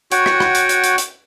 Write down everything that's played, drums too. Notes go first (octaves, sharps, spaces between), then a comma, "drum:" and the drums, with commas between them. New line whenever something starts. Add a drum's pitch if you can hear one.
F#4 C#5 F#5 G5, drum: hi-hat
drum: rim click
drum: rim click
drum: hi-hat
drum: hi-hat
drum: hi-hat
drum: hi-hat